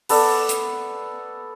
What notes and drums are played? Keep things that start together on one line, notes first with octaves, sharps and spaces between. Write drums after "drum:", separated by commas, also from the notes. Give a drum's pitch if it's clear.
B3 A4 D5, drum: open hi-hat
drum: hi-hat